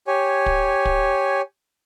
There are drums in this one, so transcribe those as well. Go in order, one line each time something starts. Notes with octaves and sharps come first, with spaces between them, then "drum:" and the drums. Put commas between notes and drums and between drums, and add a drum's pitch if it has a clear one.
G4 C#5 G#5
drum: kick
drum: kick